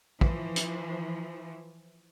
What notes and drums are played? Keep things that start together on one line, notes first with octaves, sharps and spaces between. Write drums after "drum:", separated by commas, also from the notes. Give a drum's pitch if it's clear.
E3 F3, drum: kick
drum: hi-hat